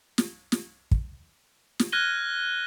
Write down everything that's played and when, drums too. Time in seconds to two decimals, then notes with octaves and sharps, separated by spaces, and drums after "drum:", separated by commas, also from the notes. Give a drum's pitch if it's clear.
0.18 drum: snare
0.52 drum: snare
0.91 drum: kick
1.79 drum: snare
1.92 F6 F#6 G#6 A#6 D#7 G7